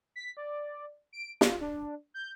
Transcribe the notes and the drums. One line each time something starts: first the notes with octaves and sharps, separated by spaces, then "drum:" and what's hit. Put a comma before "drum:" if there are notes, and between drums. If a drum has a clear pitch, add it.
B6
D5
D7
F4, drum: snare
D4
G6